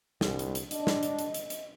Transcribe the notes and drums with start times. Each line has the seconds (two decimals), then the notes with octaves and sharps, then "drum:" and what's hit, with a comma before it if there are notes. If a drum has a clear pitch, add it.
0.21 C2, drum: snare
0.39 drum: hi-hat
0.55 drum: hi-hat
0.71 D4 D#5, drum: hi-hat
0.87 drum: snare
1.03 drum: hi-hat
1.19 drum: hi-hat
1.34 drum: hi-hat
1.50 drum: hi-hat